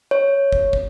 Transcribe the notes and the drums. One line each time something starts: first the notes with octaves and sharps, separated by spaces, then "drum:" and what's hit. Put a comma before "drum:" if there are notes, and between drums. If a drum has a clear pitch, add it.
C#5
drum: kick
drum: kick